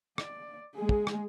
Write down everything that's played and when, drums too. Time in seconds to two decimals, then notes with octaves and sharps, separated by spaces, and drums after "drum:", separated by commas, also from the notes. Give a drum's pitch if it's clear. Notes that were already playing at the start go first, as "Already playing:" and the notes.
0.18 D5, drum: rim click
0.75 G#3 G#4
0.89 drum: kick
1.07 drum: rim click